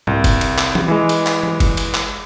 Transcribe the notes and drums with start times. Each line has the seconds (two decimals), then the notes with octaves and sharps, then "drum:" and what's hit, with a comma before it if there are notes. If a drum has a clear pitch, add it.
0.07 C2, drum: tom G#2
0.24 drum: kick F#1, cymbal
0.41 drum: cymbal
0.58 drum: clap
0.75 drum: tom E3
0.88 E3 G#3
1.09 drum: cymbal
1.26 drum: clap
1.43 drum: tom E3
1.60 drum: kick F#1, cymbal
1.77 drum: cymbal
1.94 drum: clap